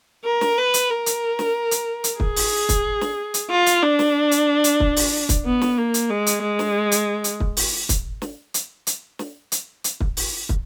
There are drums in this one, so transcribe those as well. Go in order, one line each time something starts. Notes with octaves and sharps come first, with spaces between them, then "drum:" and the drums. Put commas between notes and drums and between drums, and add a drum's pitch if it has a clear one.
A#4
drum: snare
B4
drum: hi-hat
A#4
drum: hi-hat
drum: snare
drum: hi-hat
drum: hi-hat
G#4, drum: kick
drum: open hi-hat
drum: kick, hi-hat
drum: snare
drum: hi-hat
F4
drum: hi-hat
D4
drum: snare
drum: hi-hat
drum: hi-hat
drum: kick
drum: open hi-hat
drum: kick, hi-hat
B3
drum: snare
A#3
drum: hi-hat
G#3
drum: hi-hat
G#3
drum: snare
drum: hi-hat
drum: hi-hat
drum: kick
drum: open hi-hat
drum: kick, hi-hat
drum: snare
drum: hi-hat
drum: hi-hat
drum: snare
drum: hi-hat
drum: hi-hat
drum: kick
drum: open hi-hat
drum: kick